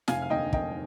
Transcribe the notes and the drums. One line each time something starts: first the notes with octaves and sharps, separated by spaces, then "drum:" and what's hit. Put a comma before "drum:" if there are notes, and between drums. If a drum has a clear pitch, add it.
F1 F5 G#5, drum: snare
F5
D#2 D3 D#5 G5
F1 D#5 G5, drum: kick